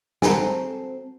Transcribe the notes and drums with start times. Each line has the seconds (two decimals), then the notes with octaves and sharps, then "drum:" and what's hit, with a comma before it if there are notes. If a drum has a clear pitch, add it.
0.22 C4 F#4 A4 G#5 A#5, drum: snare